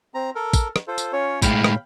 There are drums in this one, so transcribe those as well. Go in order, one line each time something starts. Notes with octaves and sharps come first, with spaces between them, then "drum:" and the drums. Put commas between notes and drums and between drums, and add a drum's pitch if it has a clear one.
C4 A#5
A4 A#4
drum: kick, tambourine
drum: rim click
F4 A4 C5
drum: tambourine
C#4 F4 C#5
A2 G#3 F5 G5 B5, drum: kick, tambourine
drum: rim click